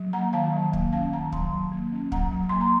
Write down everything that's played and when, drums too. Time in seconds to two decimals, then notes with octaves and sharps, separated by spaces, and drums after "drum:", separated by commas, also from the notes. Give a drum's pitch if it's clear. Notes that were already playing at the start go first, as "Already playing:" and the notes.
Already playing: F#3
0.13 A#3 F#5 A#5
0.33 D#3 F5 A5
0.53 F#3
0.73 A#3, drum: kick
0.92 C#4 F5 A5
1.12 D#3 F#5 A#5
1.32 F#3 A5 C6, drum: kick
1.53 F#3
1.72 A#3
1.92 C#4
2.12 F#3 F#5 A#5, drum: kick
2.32 F#3
2.49 A#3 C6
2.61 A#5